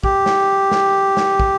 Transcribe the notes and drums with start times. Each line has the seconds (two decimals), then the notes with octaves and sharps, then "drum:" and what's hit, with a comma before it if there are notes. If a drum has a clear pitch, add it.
0.04 G4, drum: kick
0.26 drum: snare
0.71 drum: snare
1.17 drum: snare
1.40 drum: kick